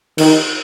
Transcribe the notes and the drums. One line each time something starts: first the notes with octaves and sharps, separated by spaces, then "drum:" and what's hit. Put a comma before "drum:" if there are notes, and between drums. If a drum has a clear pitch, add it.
D#3, drum: cymbal